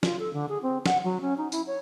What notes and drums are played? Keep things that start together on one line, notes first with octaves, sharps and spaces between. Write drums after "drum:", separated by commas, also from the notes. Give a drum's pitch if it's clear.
F4, drum: snare
A4
D3
G#4
C4
F#5, drum: snare
F#3
C#4
D#4
E4, drum: tambourine
C#5